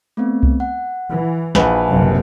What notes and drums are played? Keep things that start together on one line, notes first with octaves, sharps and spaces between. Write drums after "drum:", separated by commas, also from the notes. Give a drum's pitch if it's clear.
A3 B3 C4
drum: kick C2
F#5
E3
A#1 B4 F5 F#5 G#5 A5, drum: snare
F#1 C3 A#3